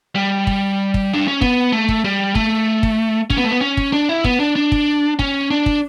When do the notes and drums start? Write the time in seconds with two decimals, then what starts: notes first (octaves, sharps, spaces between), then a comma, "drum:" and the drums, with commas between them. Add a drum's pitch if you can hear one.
0.15 G3
0.47 drum: kick
0.94 drum: kick
1.14 D4
1.28 C#4
1.41 B3, drum: kick
1.73 A3
1.89 drum: kick
2.05 G3
2.35 A3, drum: kick
2.83 drum: kick
3.30 C#4, drum: kick
3.38 B3
3.44 A3
3.51 B3
3.61 C#4
3.77 drum: kick
3.93 D4
4.09 E4
4.24 B3, drum: kick
4.40 D4
4.56 D4
4.72 drum: kick
5.19 C#4, drum: kick
5.51 D4
5.66 drum: kick